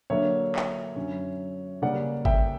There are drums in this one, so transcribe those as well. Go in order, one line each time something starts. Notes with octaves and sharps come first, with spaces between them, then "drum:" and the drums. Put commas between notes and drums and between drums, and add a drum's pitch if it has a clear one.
D3 F#3 A#3 D4 C#5 E5
drum: clap
F#2 D3 F#3 C#4
C#3 G3 A#3 C#4 D5 F#5
E5 G5, drum: kick G1